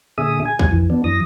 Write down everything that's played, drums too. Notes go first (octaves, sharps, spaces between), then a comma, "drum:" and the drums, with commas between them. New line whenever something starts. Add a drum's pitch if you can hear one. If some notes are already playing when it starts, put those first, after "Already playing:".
A#2 D3 G#4 E5 D#6
G#5
drum: kick
F2 E3
B3 D4
F#2 E3 D#6 A#6